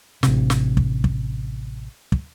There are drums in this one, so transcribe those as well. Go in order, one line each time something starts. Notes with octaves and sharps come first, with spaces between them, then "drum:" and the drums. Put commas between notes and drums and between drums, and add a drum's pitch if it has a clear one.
A1 C3, drum: snare
drum: snare
drum: kick
drum: kick
drum: kick